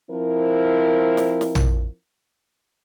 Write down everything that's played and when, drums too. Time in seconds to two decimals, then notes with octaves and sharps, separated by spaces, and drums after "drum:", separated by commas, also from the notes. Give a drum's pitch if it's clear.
0.11 F3 C4 E4 A#4
1.17 drum: snare
1.41 drum: snare
1.55 drum: tom A#1